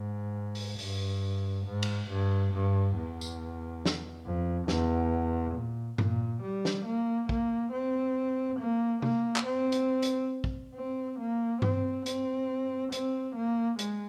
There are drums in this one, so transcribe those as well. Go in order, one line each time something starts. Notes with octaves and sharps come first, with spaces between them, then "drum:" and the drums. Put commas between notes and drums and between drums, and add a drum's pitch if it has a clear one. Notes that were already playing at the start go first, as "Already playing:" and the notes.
Already playing: G#2
drum: open hi-hat
G2, drum: open hi-hat
G#2
drum: cymbal
G2
G2
E2
drum: tambourine
drum: snare
F2
E2, drum: snare
A#2
A#2, drum: tom G2
G3
drum: snare
A#3
A#3, drum: kick
C4
A#3
A#3, drum: tom C3
drum: clap
C4
drum: hi-hat
drum: hi-hat
drum: kick
C4
A#3
C4, drum: tom G2
C4, drum: hi-hat
C4, drum: hi-hat
A#3
G#3, drum: hi-hat